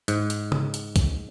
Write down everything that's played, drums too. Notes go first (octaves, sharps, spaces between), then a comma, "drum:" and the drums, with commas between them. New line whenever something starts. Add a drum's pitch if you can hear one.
G#2, drum: hi-hat
drum: hi-hat
drum: tom
drum: hi-hat
drum: kick, hi-hat